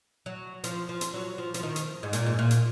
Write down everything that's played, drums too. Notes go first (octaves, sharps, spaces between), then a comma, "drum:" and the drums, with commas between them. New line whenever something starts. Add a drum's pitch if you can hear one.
F#3
F3, drum: hi-hat
F3
drum: hi-hat
F#3
F3
F3, drum: hi-hat
D#3
drum: hi-hat
G#2
A#2, drum: hi-hat
G#2
A#2
drum: hi-hat